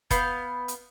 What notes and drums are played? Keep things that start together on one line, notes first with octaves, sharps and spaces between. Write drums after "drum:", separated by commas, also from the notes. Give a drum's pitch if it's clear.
B3 F5 G6, drum: kick F#1, hi-hat
drum: hi-hat